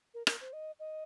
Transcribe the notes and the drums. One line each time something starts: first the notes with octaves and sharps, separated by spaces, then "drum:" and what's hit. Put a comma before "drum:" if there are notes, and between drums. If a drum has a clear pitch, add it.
A#4
A#4, drum: rim click
C5
D#5
D#5